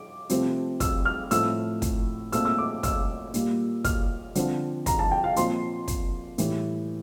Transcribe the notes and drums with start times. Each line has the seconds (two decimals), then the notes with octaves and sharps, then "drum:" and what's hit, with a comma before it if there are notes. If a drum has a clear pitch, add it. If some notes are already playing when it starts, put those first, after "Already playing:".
Already playing: D6
0.29 C3 F3 A3 C4, drum: hi-hat
0.80 E6, drum: kick, hi-hat
1.05 F6
1.31 A2 F3 A3 C4 E6, drum: hi-hat
1.82 drum: kick, hi-hat
2.32 A#2 A3 C4 E6, drum: hi-hat
2.45 E6
2.58 D6
2.83 E6, drum: kick, hi-hat
3.34 A#2 G3 A#3, drum: hi-hat
3.84 F6, drum: kick, hi-hat
4.35 D3 F3 C4, drum: hi-hat
4.86 A#5, drum: kick, hi-hat
4.99 A5
5.11 G5
5.24 F5
5.36 A#2 F3 C4 C6, drum: hi-hat
5.88 drum: kick, hi-hat
6.38 A2 E3 G3, drum: hi-hat